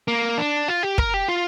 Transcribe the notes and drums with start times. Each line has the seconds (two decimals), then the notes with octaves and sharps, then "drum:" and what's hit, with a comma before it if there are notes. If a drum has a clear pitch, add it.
0.08 A#3
0.38 D4
0.68 F4
0.83 G4
0.98 A#4, drum: kick
1.14 G4
1.29 F4